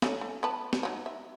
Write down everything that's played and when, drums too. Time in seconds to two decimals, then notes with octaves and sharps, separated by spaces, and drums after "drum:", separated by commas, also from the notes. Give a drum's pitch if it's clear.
0.02 A3 C#4 D#4, drum: snare
0.21 A3
0.43 B3 B4 A5
0.73 drum: snare
0.83 F3 F#3 D#4
1.06 E5